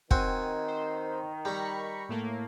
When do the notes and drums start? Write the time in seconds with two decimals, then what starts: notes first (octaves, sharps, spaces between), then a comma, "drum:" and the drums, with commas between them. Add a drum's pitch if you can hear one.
0.11 D#3 C4 F#4 G#5, drum: kick
0.68 C5
1.45 G3 A#5 B5 C#6
2.09 A2 A3 A#3